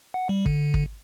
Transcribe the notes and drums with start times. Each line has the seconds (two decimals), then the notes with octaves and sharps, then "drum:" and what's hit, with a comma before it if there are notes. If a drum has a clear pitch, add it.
0.14 F#5
0.29 G3
0.46 D3, drum: kick
0.74 drum: kick